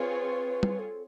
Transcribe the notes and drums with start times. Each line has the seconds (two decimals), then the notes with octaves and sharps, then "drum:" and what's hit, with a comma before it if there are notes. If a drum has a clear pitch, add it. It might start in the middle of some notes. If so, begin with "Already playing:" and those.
Already playing: C4 F4 G#4 B4 C#5
0.63 drum: tom
0.79 A4